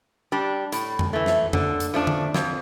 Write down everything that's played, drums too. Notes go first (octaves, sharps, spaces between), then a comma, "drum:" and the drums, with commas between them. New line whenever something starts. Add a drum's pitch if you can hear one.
G3 D4
A2, drum: hi-hat
drum: tom F2
E3 A3
drum: snare
D3, drum: tom F2
drum: hi-hat
F3 A3 D4
drum: tom D3
F2, drum: snare